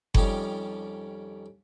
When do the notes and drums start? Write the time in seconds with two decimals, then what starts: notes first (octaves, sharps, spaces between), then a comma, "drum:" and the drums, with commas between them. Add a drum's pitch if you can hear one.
0.14 F2 D#3 F3 G3 C#4 G4, drum: kick F#1